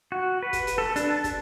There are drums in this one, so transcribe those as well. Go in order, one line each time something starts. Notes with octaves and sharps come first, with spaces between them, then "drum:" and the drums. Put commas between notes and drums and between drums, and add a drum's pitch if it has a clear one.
F#4
B4
drum: kick, hi-hat
drum: hi-hat
A4
D4, drum: hi-hat
A5
drum: kick, hi-hat